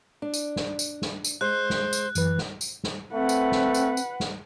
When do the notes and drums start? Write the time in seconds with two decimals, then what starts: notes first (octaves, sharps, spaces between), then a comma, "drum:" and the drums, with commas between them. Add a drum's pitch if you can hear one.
0.22 D4
0.34 drum: tambourine
0.56 drum: snare
0.79 drum: tambourine
1.02 drum: snare
1.24 drum: tambourine
1.41 G#3 C5 F#6
1.70 drum: snare
1.93 drum: tambourine
2.15 F#2 E3 B4, drum: tambourine
2.38 drum: snare
2.61 drum: tambourine
2.84 drum: snare
3.14 A3 C4 B4 F#5
3.29 drum: tambourine
3.52 drum: snare
3.74 drum: tambourine
3.97 drum: tambourine
4.20 drum: snare